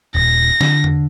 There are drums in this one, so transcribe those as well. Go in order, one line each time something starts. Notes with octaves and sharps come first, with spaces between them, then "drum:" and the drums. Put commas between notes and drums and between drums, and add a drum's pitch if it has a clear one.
D#1 A#6
D3, drum: snare
drum: tom E2